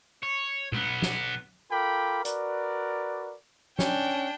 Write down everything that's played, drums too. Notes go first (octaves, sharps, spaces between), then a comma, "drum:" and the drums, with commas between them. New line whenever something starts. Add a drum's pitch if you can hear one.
C#5
B1 B3, drum: tom A#2
drum: snare
F4 A4 A#4 G5 B5 D6
F#4 A#4 B4 D5, drum: hi-hat
C#4 D4 G5, drum: snare